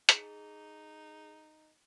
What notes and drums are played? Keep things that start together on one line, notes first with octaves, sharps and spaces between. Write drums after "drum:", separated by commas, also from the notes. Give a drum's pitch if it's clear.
D#4 G#4, drum: hi-hat